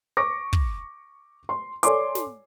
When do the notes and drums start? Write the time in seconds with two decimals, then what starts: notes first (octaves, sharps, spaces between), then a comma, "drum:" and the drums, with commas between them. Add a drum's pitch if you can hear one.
0.17 C#6 D6 A#6
0.53 drum: kick
1.49 C6
1.83 A4 C#5 D5 G#5 C6 D6, drum: hi-hat
2.15 drum: snare